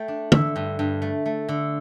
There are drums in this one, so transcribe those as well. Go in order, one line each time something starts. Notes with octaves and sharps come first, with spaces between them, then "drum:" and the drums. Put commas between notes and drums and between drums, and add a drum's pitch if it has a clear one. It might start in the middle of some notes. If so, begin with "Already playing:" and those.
Already playing: A3 G5
D4
D3 E5, drum: tom
G2
G2
A3
A3
D3